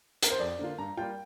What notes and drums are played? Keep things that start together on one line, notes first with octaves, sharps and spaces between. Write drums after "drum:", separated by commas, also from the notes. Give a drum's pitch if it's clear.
A#4, drum: hi-hat
C5
F2 D5
D3 A#3 F4
G2 A#5
G3 A#3 F4 G5